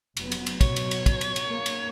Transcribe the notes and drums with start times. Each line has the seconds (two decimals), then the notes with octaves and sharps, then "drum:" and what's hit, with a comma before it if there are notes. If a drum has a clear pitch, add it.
0.17 F1 F#3 B3, drum: cymbal
0.32 drum: cymbal
0.46 drum: cymbal
0.61 B2 F#3 C#5, drum: kick, cymbal
0.76 drum: cymbal
0.91 drum: cymbal
1.06 drum: kick, cymbal
1.21 drum: cymbal
1.36 drum: cymbal
1.46 A#3
1.66 drum: cymbal